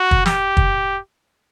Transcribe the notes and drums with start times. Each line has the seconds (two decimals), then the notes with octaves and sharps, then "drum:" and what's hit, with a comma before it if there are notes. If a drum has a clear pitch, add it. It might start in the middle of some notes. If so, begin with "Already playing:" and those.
Already playing: F#4
0.11 drum: kick
0.26 G4, drum: snare
0.57 drum: kick